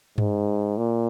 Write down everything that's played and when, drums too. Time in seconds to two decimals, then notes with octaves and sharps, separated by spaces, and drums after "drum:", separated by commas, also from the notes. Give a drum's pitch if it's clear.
0.18 G#2, drum: tom G2
0.78 A#2